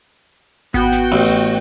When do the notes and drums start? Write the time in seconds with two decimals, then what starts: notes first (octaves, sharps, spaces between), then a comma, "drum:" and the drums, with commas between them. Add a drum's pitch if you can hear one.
0.74 B3 F#4 G5, drum: kick G#1
0.92 drum: snare
1.12 A1